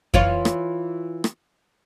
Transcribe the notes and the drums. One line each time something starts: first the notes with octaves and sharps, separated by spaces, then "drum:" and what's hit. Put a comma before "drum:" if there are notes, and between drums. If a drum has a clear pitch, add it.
E3 F4 C#5, drum: kick F2
drum: rim click
drum: rim click